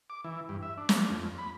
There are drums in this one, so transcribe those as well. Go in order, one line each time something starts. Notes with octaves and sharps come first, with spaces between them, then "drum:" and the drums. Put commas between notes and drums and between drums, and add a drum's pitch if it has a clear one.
D6
E3
G2
E5
D4
drum: snare
F2
B5